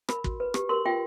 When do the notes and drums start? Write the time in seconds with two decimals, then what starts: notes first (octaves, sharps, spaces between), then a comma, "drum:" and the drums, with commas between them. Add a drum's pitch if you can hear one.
0.09 A#4 B5, drum: rim click
0.24 F#4, drum: kick
0.40 B4
0.54 G4, drum: rim click
0.69 A#4 C6
0.86 F4 G5